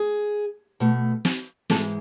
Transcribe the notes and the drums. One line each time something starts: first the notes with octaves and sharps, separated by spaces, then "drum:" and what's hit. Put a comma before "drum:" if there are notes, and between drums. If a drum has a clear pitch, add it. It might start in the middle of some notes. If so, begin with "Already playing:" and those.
Already playing: G#4
B2 A3
drum: snare
G#2 E3 G#3 A4, drum: snare